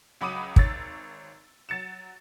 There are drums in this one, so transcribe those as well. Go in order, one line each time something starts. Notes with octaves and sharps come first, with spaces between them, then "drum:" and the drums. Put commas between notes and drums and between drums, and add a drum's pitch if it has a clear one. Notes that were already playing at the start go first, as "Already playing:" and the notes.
C#2 F#3 B5 D6 D#6 D#7
G#1 C#5 E6 A6, drum: kick
F#3 A6 C#7 E7